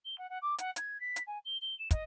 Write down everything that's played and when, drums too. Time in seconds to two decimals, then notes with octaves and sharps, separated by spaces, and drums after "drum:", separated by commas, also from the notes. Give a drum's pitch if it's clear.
0.05 G7
0.18 F#5
0.29 F#5
0.42 D6
0.58 F#5, drum: hi-hat
0.76 G#6, drum: hi-hat
1.00 B6
1.16 drum: hi-hat
1.26 G#5
1.45 G7
1.61 G7
1.79 E7
1.91 D#5, drum: kick, hi-hat